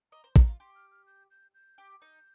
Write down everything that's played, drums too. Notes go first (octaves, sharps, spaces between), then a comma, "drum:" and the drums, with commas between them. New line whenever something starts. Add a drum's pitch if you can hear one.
D#5 A#5
C5
D#4 A#5, drum: kick
F4
G4 C6
F6
F6
G6
G6
G6
G4
D#4 G6